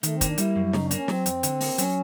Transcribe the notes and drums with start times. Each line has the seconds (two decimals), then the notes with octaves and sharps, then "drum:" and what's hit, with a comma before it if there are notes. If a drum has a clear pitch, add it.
0.03 D#3 A3, drum: hi-hat
0.14 C4
0.21 A#3, drum: kick, hi-hat
0.26 D4
0.38 G3 E4, drum: hi-hat
0.56 F#2
0.73 C#3 D#4, drum: snare
0.84 D4
0.91 A#3, drum: hi-hat
0.96 C#4
1.08 F#3 C4, drum: snare
1.26 F2, drum: hi-hat
1.43 D3, drum: hi-hat
1.61 A#3, drum: open hi-hat
1.78 F#3 C#4, drum: hi-hat